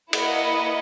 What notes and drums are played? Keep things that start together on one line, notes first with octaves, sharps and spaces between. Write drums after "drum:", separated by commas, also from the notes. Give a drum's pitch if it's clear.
A#3 E4 B4 D#5 F#5, drum: cymbal